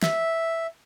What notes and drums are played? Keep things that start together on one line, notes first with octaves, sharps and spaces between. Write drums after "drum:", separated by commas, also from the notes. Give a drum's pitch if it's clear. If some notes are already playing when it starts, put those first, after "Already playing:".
E5, drum: snare